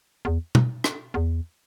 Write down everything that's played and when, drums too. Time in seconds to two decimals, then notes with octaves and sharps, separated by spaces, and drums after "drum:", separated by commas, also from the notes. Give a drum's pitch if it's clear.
0.25 E2
0.55 drum: tom B2
0.84 drum: rim click
1.14 E2